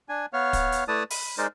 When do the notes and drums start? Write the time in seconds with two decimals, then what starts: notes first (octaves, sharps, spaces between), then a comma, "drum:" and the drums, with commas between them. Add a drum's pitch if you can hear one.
0.09 D4 G#5
0.33 B3 C#5 F5
0.53 drum: kick, hi-hat
0.72 drum: hi-hat
0.88 A3 E4 B4 D5 A5 D#6
1.10 B5, drum: open hi-hat
1.38 G#3 D#4 A#4 C5 D5